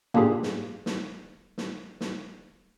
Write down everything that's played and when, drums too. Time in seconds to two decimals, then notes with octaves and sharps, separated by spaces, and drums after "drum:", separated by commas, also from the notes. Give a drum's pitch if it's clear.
0.14 A#3 D4 F4 G4 G#4, drum: tom
0.43 drum: snare
0.86 drum: snare
1.58 drum: snare
2.01 drum: snare